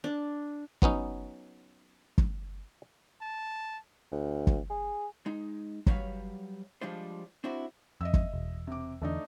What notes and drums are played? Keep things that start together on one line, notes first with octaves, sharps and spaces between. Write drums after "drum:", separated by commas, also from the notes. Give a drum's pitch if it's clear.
D4
F#3 B3 C#4 D#4, drum: kick
drum: kick
A5
D2
drum: kick
G#4
G#3 D#4
F#3 G3 B4 C#5 E5 F5, drum: kick
F3 G3 G#3 D4 F4 C5
C4 D4 E4 F#4
F2 D#5 E5 E6
drum: kick
E1
C3 D6
E2 D3 A3 D4 D#4